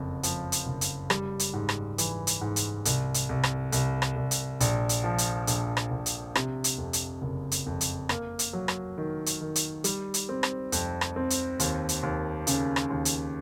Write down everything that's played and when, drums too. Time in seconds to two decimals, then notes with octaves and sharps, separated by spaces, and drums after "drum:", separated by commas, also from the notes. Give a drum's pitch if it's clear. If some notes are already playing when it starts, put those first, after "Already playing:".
Already playing: F#1 F2
0.23 F3, drum: hi-hat
0.52 drum: hi-hat
0.67 F#1
0.81 drum: hi-hat
1.10 G3, drum: rim click
1.39 drum: hi-hat
1.53 G#2
1.69 drum: rim click
1.98 E3, drum: hi-hat
2.27 drum: hi-hat
2.41 G#2
2.56 drum: hi-hat
2.85 C2, drum: hi-hat
3.14 drum: hi-hat
3.29 C2
3.43 drum: rim click
3.72 C2, drum: hi-hat
4.02 drum: rim click
4.16 C2
4.31 drum: hi-hat
4.60 A#1, drum: hi-hat
4.89 drum: hi-hat
5.04 F3
5.18 drum: hi-hat
5.47 A#1, drum: hi-hat
5.77 drum: rim click
5.91 A#1
6.06 drum: hi-hat
6.35 C3, drum: rim click
6.64 drum: hi-hat
6.78 F2
6.93 drum: hi-hat
7.22 F#1
7.51 drum: hi-hat
7.66 F2
7.81 drum: hi-hat
8.09 A#3, drum: rim click
8.39 drum: hi-hat
8.53 F#3
8.68 drum: rim click
8.98 D#3
9.26 drum: hi-hat
9.41 D#3
9.55 drum: hi-hat
9.84 G3, drum: hi-hat
10.14 drum: hi-hat
10.29 C4
10.43 drum: rim click
10.72 F2, drum: hi-hat
11.01 drum: rim click
11.16 C4
11.30 drum: hi-hat
11.60 D#2, drum: hi-hat
11.89 drum: hi-hat
12.03 D#2
12.47 C#3, drum: hi-hat
12.76 drum: rim click
12.90 D#2
13.05 drum: hi-hat